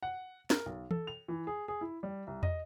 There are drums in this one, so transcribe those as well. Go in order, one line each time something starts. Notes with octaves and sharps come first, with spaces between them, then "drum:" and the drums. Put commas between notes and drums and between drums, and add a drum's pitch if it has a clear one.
F#5
A#4, drum: snare
B1
A4, drum: tom E3
F7
E3
G#4
G#4
E4
G3
C2
D#5, drum: tom